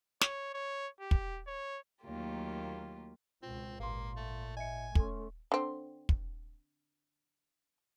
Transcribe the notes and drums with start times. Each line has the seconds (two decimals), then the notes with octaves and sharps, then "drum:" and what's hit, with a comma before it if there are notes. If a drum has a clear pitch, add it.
0.21 C#5, drum: snare
0.54 C#5
1.01 G4
1.11 drum: kick
1.47 C#5
2.03 D#2 F#3 A3 A#3 F4 G4
3.43 C#2 B2 C4 F4
3.80 G#1 A#2 A#3 F5 C6
4.17 A3
4.57 D#5 E5 G#5 C#7
4.95 A3 C#4 A4 C6, drum: kick
5.52 D3 C4
6.09 drum: kick